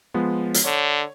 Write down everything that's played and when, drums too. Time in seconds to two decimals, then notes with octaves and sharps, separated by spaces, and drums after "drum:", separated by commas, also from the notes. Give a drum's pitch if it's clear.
0.14 F3 G#3 B3
0.54 drum: hi-hat
0.65 D3 C#5